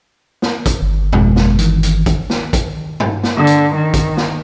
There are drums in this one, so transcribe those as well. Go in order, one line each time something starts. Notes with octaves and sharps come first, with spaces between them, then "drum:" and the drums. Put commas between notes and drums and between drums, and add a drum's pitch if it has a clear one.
drum: snare
drum: kick, hi-hat
G1
F2 B2 G#3, drum: tom G2
drum: snare
D#3 E3, drum: hi-hat
drum: hi-hat
drum: kick, hi-hat
drum: snare
drum: kick, hi-hat
drum: tom G2
drum: snare
D3
drum: hi-hat
D#3
drum: kick, hi-hat
drum: snare